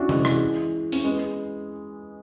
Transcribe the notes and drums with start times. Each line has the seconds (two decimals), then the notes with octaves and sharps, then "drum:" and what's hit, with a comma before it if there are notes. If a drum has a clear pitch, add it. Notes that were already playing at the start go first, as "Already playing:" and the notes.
Already playing: C#4 D4 E4 F#4
0.09 E3 G#3, drum: tom C3
0.25 E3 G#3, drum: rim click
0.92 C#4, drum: open hi-hat
1.04 G#3 B3